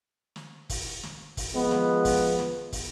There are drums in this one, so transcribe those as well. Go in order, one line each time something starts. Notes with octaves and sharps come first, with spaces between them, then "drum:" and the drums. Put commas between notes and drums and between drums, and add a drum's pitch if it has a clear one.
drum: snare
drum: kick, open hi-hat
drum: snare
drum: kick, open hi-hat
F3 G#3 B3
drum: snare
drum: kick, open hi-hat
drum: snare
drum: kick, open hi-hat